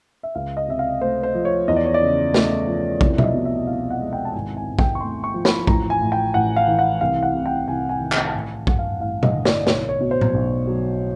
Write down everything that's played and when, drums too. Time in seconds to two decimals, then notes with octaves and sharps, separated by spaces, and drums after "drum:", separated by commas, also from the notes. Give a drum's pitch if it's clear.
0.23 E5
0.35 C#2 F5
0.57 D#5
0.68 C3 E5
0.79 F5
1.01 A3 C5
1.23 C5
1.35 F3
1.45 C#5
1.68 E2 D#5
1.76 D5
1.85 C#5
1.94 D5
2.02 C#3
2.34 A3, drum: snare
2.67 F3
3.01 C2, drum: kick A#1
3.18 E5, drum: tom B2
3.24 D#5
3.34 B2
3.46 E5
3.67 C2 F5
3.91 F#5
4.01 G#3
4.13 G5
4.25 A5
4.34 G#1 G#5
4.57 G#5
4.68 G#2
4.79 G5, drum: kick A#1
4.95 C#6
5.01 A3 C6
5.24 C#6
5.34 F3
5.45 B5, drum: snare
5.67 A1 A#5, drum: kick A#1
5.90 G#5
6.01 A2
6.12 G5
6.34 A1 F#5
6.56 F5
6.67 E3
6.79 F#5
7.01 C2 F5
7.23 F#5
7.34 C3
7.46 G5
7.67 C2 G#5
7.89 G#5
8.01 D#3
8.12 G5, drum: clap
8.27 A5
8.33 A1 G#5
8.67 G2 F#5, drum: kick A#1
8.79 F5
9.00 A1 F5
9.23 D#5, drum: tom B2
9.34 D3
9.45 D5, drum: snare
9.67 B1 C#5, drum: snare
9.89 C#5
10.01 B2
10.11 C5
10.21 drum: tom A2
10.34 B1
10.67 F#3